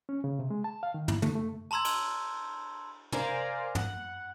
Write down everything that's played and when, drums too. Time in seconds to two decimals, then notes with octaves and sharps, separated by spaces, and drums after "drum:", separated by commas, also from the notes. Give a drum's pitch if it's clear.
0.09 C#4
0.24 C#3
0.39 C3
0.50 G#3
0.64 A5
0.83 F5
0.94 D#3
1.08 E4, drum: tom
1.22 A3, drum: tom
1.35 A3
1.71 A5 A#5 C6 E6 G#6
1.85 drum: cymbal
3.12 A#4 C5 D5 F5 G#5 A#5, drum: tom
3.75 F#5, drum: tom